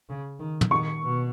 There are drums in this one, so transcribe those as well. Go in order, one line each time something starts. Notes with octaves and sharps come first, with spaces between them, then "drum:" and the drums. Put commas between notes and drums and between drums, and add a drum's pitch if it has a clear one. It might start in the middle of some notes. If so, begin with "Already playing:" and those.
C#3
D#3
drum: tom
D#3 C#6
B2